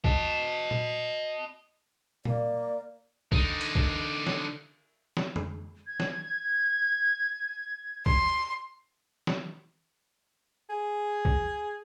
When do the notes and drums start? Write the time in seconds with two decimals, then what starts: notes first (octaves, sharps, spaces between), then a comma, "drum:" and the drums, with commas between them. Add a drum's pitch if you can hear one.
0.04 D#5 A5, drum: kick
0.71 drum: tom A#2
2.25 A#3 D5, drum: tom A#2
3.32 D3 D#4, drum: kick
3.61 drum: cymbal
3.75 drum: kick
4.27 drum: snare
5.17 drum: snare
5.36 drum: tom
5.87 G#6
6.00 drum: snare
8.06 C6, drum: kick
9.27 drum: snare
10.69 G#4
11.25 drum: kick